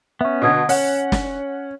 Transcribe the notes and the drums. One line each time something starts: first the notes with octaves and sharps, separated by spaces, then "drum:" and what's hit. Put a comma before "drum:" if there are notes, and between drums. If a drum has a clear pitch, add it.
B3 C#4 E5 C#6
B2 D3 D#5 D#6 G#6
C#4 C#5 F#5, drum: open hi-hat
drum: snare